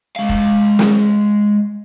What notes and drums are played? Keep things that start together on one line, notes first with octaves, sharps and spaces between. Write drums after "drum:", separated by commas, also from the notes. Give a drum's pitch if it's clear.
G#3 F5
drum: kick
drum: snare